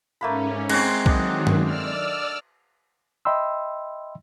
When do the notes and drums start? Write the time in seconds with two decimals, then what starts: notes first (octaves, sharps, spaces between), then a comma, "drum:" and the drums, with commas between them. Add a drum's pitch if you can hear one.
0.21 G#2 A3 A#3 C#4 B5
0.69 G#3 C4 C#5 F#5 C6 C7, drum: cymbal
1.06 D#3 F#3 D4 D#5, drum: kick
1.47 drum: tom
1.64 D5 E6 F6
3.25 D#5 E5 G5 B5 C6 E6